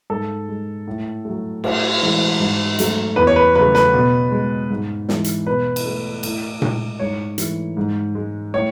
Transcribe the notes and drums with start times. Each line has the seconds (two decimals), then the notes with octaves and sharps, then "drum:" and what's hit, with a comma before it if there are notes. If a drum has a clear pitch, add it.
0.10 G#2 A4
0.48 G#3
0.87 A2
1.25 F#3 A3
1.64 A2, drum: cymbal
2.02 E3 G#3
2.40 G#2
2.79 F#3 A3, drum: hi-hat
3.16 E2 B4
3.27 C#5
3.36 B4
3.55 C#3 F#3 A3 B4
3.75 B4, drum: snare
3.94 B2
4.31 G#3
4.70 G#2
5.09 E3 G#3, drum: snare
5.24 drum: hi-hat
5.47 B2 B4
5.76 drum: cymbal
5.86 A3
6.23 A2, drum: cymbal
6.62 G#3, drum: tom A#2
7.00 G#2 C#5
7.38 E3 A3, drum: hi-hat
7.77 G#2
8.15 G#3
8.54 A2 C#5